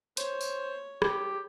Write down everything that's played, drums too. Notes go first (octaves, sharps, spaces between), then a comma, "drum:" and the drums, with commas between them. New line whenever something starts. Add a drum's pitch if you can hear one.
C5 C#5, drum: hi-hat
drum: tambourine
G4, drum: rim click